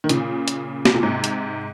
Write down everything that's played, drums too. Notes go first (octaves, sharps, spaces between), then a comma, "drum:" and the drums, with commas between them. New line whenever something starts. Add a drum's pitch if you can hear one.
D#3
A#2 C#3, drum: hi-hat
drum: hi-hat
C3, drum: snare
A#2
G#2 C3
drum: hi-hat